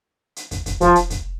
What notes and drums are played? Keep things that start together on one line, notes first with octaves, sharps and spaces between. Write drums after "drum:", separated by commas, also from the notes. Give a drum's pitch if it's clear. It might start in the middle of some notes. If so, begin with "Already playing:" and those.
drum: hi-hat
drum: kick, hi-hat
drum: kick, hi-hat
F3, drum: kick, hi-hat
drum: hi-hat
drum: kick, hi-hat